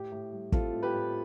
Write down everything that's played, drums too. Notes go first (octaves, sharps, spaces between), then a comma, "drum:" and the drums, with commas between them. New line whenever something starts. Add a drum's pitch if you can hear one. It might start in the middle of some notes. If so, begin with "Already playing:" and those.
Already playing: A2 G4
A2
G3
C4 F4 A4, drum: kick
A2
G4 B4
A2